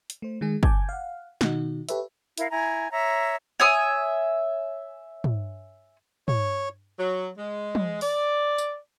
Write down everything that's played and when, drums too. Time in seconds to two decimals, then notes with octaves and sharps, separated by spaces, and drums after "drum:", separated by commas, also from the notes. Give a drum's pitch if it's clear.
0.10 drum: hi-hat
0.22 A3 C5
0.41 D#3 G#3 G#4
0.63 G#5 A5 D6 G6 G#6, drum: kick
0.89 F5 F#5
1.41 B2 D#3 D#4 F#4, drum: snare
1.89 G4 A4 B4 C#5 E5, drum: hi-hat
2.38 E4 A#4 F5, drum: hi-hat
2.50 E4 G#5 A#5
2.91 C#5 E5 A#5
3.60 C#5 E5 G#5 D#6
5.24 drum: tom
6.28 C#5, drum: tom
6.98 F#3
7.37 G#3
7.75 drum: tom
8.01 D5, drum: open hi-hat
8.58 drum: tambourine